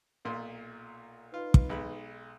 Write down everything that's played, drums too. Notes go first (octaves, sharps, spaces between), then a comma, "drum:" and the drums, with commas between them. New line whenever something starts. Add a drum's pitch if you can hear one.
B1 A#2 C6
D#4 F4 B4
drum: kick
B1 G#3 B5